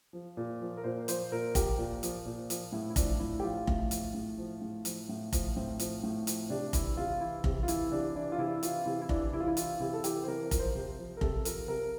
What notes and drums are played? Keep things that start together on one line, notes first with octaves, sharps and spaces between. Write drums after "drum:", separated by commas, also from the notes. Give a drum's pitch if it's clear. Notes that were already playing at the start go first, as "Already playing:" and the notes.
F3
A#2
F3
A#4
A#2 C5
F3 C5, drum: hi-hat
A#2 A#4
F3 G4, drum: kick F1, hi-hat
A#2
F3, drum: hi-hat
A#2
F3, drum: hi-hat
A2 E4
E4
F3 D4, drum: kick F1, hi-hat
A2 E4
G4
F3 F4
A2, drum: kick F1
F3, drum: hi-hat
A2
F3
A2
F3, drum: hi-hat
A2
F3, drum: kick F1, hi-hat
A2 C4
F3, drum: hi-hat
A2
F3, drum: hi-hat
C3 D4
E3 E4, drum: kick F1, hi-hat
C3 F4
E3 E4
C3, drum: kick F1
F4
E3 E4, drum: hi-hat
C3 D4
E3 D4
F4
C3 E4
E3 F4, drum: hi-hat
C3 E4
E4
E3 D4, drum: kick F1
C3 E4
F4
E4
E3 F4, drum: hi-hat
C3 E4
A4
E3 G4, drum: hi-hat
C5
C3 A#4
F3, drum: kick F1, hi-hat
C5
C3
F3
A#4
C3 A4, drum: kick F1
F3 A#4, drum: hi-hat
C3 A#4